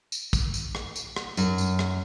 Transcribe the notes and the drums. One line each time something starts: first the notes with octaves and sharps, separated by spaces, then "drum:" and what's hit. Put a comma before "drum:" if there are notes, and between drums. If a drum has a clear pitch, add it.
drum: tambourine
drum: kick, tambourine
drum: tambourine
drum: rim click
drum: tambourine
drum: rim click
F#2, drum: tambourine
drum: tambourine
drum: rim click